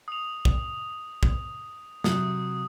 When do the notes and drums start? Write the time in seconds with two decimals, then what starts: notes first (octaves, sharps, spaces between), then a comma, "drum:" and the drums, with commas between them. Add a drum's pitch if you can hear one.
0.08 D#6 F7
0.45 drum: kick
1.23 drum: kick
2.04 C3 F#3 D#6, drum: snare